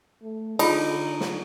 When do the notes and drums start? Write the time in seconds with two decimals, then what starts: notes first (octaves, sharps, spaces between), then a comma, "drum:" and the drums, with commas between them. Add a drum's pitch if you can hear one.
0.23 A3
0.59 D3 D#4 F4 G#4 B5, drum: cymbal
1.20 drum: snare